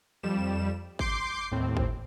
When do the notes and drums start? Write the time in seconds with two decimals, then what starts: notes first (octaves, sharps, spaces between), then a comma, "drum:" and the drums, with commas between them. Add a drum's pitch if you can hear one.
0.23 F2 G3 E7
0.99 C6 D6 G6 C7, drum: kick G1
1.51 D#2 A2 C4
1.77 drum: kick G1